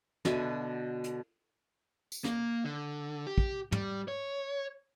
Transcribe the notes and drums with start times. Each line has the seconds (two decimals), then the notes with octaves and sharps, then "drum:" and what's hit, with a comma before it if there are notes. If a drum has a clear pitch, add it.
0.25 B2 D3 E5 G#5, drum: snare
1.04 drum: hi-hat
2.12 drum: tambourine
2.24 A#3, drum: snare
2.64 D3
3.27 G4
3.38 drum: kick
3.72 G3, drum: tom
4.08 C#5